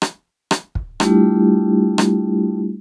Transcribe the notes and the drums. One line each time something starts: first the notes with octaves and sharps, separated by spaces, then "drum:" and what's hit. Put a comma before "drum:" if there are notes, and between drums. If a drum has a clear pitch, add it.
drum: rim click
drum: rim click
drum: kick
G3 A3 D4 E4 F4 G4, drum: rim click
drum: rim click